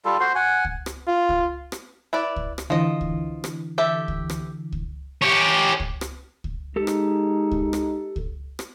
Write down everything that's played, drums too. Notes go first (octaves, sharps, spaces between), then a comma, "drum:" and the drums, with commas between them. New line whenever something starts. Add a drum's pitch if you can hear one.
G3 F4 A4
F#4 C5 C6
F#5 G#5
drum: kick C#2
drum: rim click
F4
drum: kick C#2
drum: rim click
E4 B4 D5
drum: kick C#2
drum: rim click
D3 E3 F3 D#5
drum: kick C#2
drum: rim click
G4 A4 E5
drum: kick C#2
drum: rim click
drum: kick C#2
C#4 G4
drum: kick C#2
drum: rim click
drum: kick C#2
G#3 D#4 G4 A4
drum: rim click
drum: kick C#2
drum: rim click
drum: kick C#2
drum: rim click